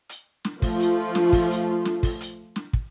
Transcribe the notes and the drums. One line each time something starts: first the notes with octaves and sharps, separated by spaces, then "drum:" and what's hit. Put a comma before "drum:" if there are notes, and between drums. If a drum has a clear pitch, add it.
drum: hi-hat
drum: snare
F3 A3 F4, drum: kick, open hi-hat
drum: hi-hat
drum: snare
drum: kick, open hi-hat
drum: hi-hat
drum: snare
drum: kick, open hi-hat
drum: hi-hat
drum: snare
drum: kick